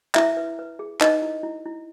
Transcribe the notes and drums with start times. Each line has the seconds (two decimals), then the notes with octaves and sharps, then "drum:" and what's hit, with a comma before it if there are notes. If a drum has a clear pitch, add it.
0.15 E4 B4 E5, drum: clap
0.37 B4
0.59 B4
0.79 G#4
1.01 D#4 B4 D#5, drum: clap
1.22 E4
1.43 E4
1.66 E4